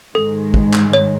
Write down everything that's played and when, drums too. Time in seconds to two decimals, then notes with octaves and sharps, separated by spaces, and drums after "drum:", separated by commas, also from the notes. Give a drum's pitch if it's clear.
0.15 G#2 D#3 G#3 A4
0.54 drum: kick
0.73 drum: clap
0.93 C#5